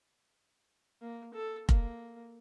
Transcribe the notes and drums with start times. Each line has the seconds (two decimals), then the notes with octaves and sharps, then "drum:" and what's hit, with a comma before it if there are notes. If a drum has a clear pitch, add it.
1.02 A#3
1.34 A4
1.69 A#3, drum: kick F1